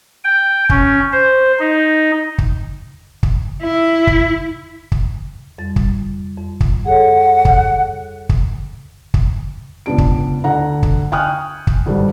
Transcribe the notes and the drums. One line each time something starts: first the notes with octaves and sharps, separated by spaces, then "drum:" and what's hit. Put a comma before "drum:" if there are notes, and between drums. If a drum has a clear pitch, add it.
G5
C#4, drum: kick
C5
D#4
drum: kick
drum: kick
E4
drum: kick
drum: kick
F2 G3 A6
drum: kick
F2
drum: kick
G#4 A4 C#5 F#5
drum: kick
drum: kick
drum: kick
C#2 B3 D4 D7
drum: kick
D2 D3 F#5 A#5
drum: kick
G5 G#5 C#6 D#6 F6 F#6
drum: kick
G#1 G2 D3 D#3 G3